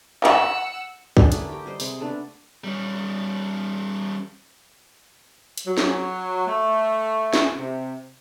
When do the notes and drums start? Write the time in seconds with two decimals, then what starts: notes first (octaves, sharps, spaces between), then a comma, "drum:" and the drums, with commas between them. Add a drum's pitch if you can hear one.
0.24 F#5 E6, drum: clap
1.17 C#4 D4 G#4 A5, drum: kick
1.32 D3 E3 A3 A#3, drum: hi-hat
1.49 G4 G5 A#5
1.66 G3 C5 D#5
1.80 C3 G#3, drum: open hi-hat
2.00 A3 B3 D4
2.64 G3 C#4
5.58 drum: hi-hat
5.67 F#3
5.78 drum: snare
6.48 A3
7.33 drum: snare
7.57 C3